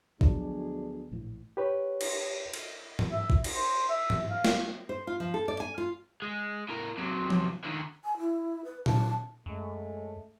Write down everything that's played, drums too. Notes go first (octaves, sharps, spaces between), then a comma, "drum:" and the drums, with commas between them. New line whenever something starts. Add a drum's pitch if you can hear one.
D2 B2 D3 F3 F#3 D4 G#4, drum: kick A1
A#1 A2 E3
G4 B4 C#5
drum: cymbal
drum: cymbal
drum: tom G#2
E5
drum: kick A1
drum: cymbal
C5
E5
drum: tom G#2
F5
drum: snare
C5
F4
F3
A4
D5
G#5
F4
G#3
A2 A#4
C3 F#3
drum: tom F3
D3 D#3
G#5
E4
B4
A5, drum: tom A#2
F#2 G#3 A3